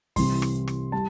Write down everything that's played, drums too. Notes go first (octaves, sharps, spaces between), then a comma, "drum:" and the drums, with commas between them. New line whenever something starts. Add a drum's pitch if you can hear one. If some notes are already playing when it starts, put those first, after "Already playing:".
C2 C3 E3 G3 C6, drum: kick, open hi-hat
drum: rim click
drum: rim click
G3 A5